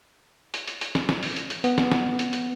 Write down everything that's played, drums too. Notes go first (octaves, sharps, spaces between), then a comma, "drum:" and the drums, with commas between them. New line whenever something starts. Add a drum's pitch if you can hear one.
drum: hi-hat
drum: hi-hat
drum: hi-hat
drum: snare
drum: snare
drum: open hi-hat
drum: hi-hat
drum: hi-hat
B3, drum: hi-hat
drum: snare
drum: snare
drum: hi-hat
drum: hi-hat